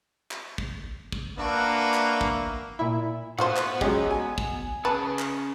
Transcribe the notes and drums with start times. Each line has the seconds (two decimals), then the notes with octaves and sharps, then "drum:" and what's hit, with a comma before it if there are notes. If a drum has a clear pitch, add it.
0.31 drum: clap
0.58 drum: kick
1.12 drum: kick
1.39 A#3 D4 F#4 B4 E5
1.94 drum: clap
2.21 drum: kick
2.79 A#2 E4
3.38 A2 B3 F4 F#4 C5 F#5
3.56 drum: clap
3.81 F#3 G#3 C#4 G4, drum: kick
4.11 G#5
4.38 drum: kick
4.85 C#4 G#4 B4 A5
5.19 drum: clap